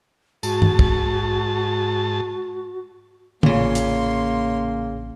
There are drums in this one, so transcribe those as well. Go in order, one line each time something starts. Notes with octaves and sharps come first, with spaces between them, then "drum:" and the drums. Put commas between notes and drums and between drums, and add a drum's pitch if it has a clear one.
G#2 F#4 A5, drum: tambourine
drum: tom G2
drum: kick
A1 A#2 C#3 A#3 C#5 C6, drum: tom
drum: hi-hat